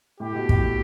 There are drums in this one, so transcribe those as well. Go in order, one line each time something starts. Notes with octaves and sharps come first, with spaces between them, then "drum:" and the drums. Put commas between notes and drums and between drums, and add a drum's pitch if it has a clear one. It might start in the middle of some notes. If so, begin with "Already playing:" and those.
A2 G4
B2
A2, drum: kick